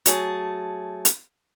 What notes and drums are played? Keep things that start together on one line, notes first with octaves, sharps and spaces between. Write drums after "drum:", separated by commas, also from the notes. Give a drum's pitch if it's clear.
F#3 A3 G#4 A5, drum: hi-hat
drum: hi-hat